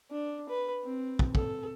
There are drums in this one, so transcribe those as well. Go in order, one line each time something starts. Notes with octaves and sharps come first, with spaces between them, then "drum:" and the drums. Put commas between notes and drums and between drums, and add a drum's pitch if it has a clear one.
D4
B4
C4
drum: kick
A4, drum: kick